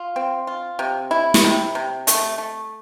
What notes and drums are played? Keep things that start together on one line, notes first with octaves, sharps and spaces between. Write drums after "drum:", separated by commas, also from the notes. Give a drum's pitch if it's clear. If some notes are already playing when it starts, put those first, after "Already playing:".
Already playing: F4
C4
F4
C3
E4
drum: snare
C3
C3
A3, drum: hi-hat
A3